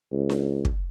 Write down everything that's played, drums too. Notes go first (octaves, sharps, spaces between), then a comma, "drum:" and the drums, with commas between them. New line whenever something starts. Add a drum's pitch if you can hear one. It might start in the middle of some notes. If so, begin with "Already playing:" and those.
C#2
drum: snare D4
drum: kick